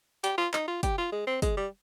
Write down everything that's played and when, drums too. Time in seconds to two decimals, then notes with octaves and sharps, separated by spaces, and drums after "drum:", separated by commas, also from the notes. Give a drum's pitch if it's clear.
0.24 G4, drum: hi-hat
0.38 F4
0.53 D#4, drum: clap
0.68 F4
0.83 G4, drum: kick, hi-hat
0.98 F4
1.12 G#3
1.27 C4
1.42 G#3, drum: kick, hi-hat
1.57 G3